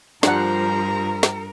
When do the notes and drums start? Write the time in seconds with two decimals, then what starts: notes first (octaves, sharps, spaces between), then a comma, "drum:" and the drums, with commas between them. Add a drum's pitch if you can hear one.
0.23 G2 F3 G3 D4 A#4 C5 F#5 A#5, drum: snare
1.23 drum: snare